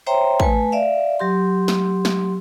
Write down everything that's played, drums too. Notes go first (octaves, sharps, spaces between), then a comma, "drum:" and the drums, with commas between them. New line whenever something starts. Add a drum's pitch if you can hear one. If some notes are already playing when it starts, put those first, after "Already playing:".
C5 C#5 E5 G5 A#5 C6
A3 B4 G#5 A5, drum: kick
D5 E5 F5
F#3 G4 C6
drum: snare
drum: snare